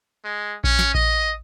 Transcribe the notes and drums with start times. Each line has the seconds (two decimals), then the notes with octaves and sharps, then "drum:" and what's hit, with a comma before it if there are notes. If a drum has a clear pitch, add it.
0.24 G#3
0.64 C#4, drum: kick A#1
0.79 drum: snare
0.94 D#5, drum: kick A#1